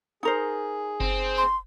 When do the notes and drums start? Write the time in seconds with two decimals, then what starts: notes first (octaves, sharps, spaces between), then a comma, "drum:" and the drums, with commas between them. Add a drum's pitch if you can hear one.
0.23 D#4 G#4 A#4 C5
1.00 C4, drum: kick F#1
1.37 C6